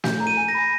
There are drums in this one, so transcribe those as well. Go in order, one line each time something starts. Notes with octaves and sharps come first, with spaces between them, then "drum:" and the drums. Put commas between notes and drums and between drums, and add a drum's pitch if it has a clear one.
G6, drum: snare
A#5
D#7
G#5
A#6
B5